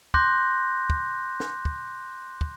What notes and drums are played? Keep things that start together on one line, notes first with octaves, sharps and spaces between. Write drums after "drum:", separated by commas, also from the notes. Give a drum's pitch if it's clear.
C6 D6 F#6 G6 A#6, drum: kick
drum: kick
drum: snare
drum: kick
drum: kick